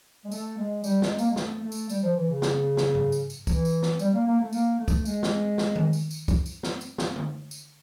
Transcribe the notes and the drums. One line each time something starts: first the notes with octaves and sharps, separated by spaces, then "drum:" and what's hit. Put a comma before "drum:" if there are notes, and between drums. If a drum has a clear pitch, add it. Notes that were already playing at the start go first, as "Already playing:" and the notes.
G#3
A3, drum: tambourine
G#3
G3, drum: tambourine
G#3, drum: snare
A#3, drum: tambourine
G#3
A3, drum: snare
A3
drum: tambourine
G3, drum: tambourine
F3
E3
C#3
drum: snare
drum: snare
drum: tom G#2
drum: tambourine
drum: tambourine
E3, drum: kick, tambourine
drum: tambourine
drum: snare
G3, drum: tambourine
A#3
A#3
A3
A#3, drum: tambourine
A3
drum: kick, tambourine
G#3, drum: tambourine
drum: snare
drum: snare
drum: tom D#3
drum: tambourine
drum: tambourine
drum: kick, tambourine
drum: tambourine
drum: snare
drum: tambourine
drum: snare
drum: tom D3
drum: tambourine